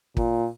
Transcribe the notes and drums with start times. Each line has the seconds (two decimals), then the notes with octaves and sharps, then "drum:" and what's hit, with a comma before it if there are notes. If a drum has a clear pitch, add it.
0.17 A#2, drum: kick